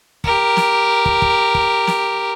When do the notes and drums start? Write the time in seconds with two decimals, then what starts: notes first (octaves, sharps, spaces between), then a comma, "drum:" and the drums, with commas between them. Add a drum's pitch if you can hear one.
0.24 G4 A#4, drum: kick
0.57 drum: snare
1.06 drum: kick
1.22 drum: kick
1.55 drum: kick
1.87 drum: snare